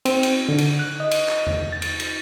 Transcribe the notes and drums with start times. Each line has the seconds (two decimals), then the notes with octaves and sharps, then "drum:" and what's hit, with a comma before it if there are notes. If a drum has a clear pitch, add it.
0.05 C4, drum: cymbal
0.23 drum: cymbal
0.49 D3
0.58 drum: cymbal
0.79 F#6
1.00 D#5
1.11 drum: cymbal
1.29 drum: clap
1.47 drum: tom E2
1.72 A6
1.82 drum: cymbal
2.00 drum: cymbal